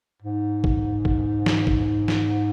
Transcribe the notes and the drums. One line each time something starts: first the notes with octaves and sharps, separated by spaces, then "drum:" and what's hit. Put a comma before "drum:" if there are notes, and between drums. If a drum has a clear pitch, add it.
G#2
drum: kick
drum: kick
drum: snare
drum: kick
drum: snare